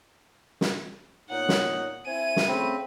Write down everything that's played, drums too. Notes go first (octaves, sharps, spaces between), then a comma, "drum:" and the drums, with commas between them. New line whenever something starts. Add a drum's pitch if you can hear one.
drum: snare
A#2 B3 D#4 C#5 F#5
drum: snare
C4 E4 E5 G#5 D#7
drum: snare
C#3 A3 C4 C#4 B5